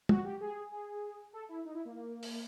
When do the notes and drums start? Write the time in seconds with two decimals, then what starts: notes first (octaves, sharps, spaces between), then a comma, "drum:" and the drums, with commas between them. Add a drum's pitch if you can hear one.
0.09 F#4, drum: tom
0.24 G4
0.41 G#4
0.72 G#4
1.33 A4
1.49 E4
1.65 D#4
1.75 E4
1.85 A#3
1.96 A#3
2.23 drum: open hi-hat